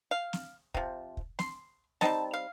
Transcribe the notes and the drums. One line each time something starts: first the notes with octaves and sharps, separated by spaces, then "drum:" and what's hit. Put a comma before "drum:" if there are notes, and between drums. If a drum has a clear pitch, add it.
F5
drum: snare
C3 F3, drum: kick
drum: kick
C6, drum: snare
G3 C4 D#4 A5, drum: snare
F5